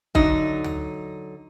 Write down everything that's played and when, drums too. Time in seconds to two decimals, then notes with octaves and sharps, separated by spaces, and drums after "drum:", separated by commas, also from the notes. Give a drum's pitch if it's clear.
0.15 D3 F#3 D#4, drum: kick
0.64 drum: tom D2